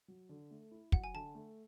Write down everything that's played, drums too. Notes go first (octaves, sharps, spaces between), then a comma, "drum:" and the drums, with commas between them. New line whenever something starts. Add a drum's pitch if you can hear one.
F#3
D3
A3
E4
F#3 F#5, drum: kick
G#5
D3 A5
A3